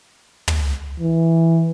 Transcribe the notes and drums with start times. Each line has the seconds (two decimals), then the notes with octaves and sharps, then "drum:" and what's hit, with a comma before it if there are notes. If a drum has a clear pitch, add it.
0.48 drum: tom
1.00 E3